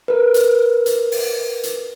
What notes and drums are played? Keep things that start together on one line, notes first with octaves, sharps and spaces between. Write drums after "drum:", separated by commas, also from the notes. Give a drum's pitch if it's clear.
A#4 B4
drum: hi-hat
drum: hi-hat
drum: open hi-hat
drum: hi-hat